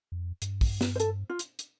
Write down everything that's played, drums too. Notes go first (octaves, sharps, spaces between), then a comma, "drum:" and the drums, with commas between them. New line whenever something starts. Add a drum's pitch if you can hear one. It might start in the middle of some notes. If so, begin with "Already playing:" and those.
F2
G2, drum: hi-hat
drum: kick, open hi-hat
drum: snare
C5
A4, drum: hi-hat
F4
drum: hi-hat
drum: hi-hat